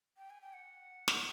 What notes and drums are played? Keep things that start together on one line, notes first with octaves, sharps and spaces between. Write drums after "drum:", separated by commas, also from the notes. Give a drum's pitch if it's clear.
G5
G#5
G5
F#5
drum: snare